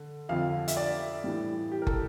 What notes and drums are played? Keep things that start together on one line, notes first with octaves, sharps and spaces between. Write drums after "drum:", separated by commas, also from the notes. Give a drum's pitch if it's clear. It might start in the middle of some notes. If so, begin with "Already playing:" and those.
Already playing: D3
F2 D3 F3 F5
E5, drum: hi-hat
D5
A2 E3 G3
G4
A#4
A4, drum: kick